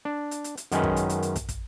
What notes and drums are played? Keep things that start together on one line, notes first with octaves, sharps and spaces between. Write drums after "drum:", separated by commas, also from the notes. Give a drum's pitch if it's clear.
D4
drum: hi-hat
drum: hi-hat
drum: hi-hat
F#2 D#3 G#3 C#4 B4, drum: hi-hat
drum: kick
drum: hi-hat
drum: hi-hat
drum: hi-hat
drum: kick, hi-hat
drum: kick, hi-hat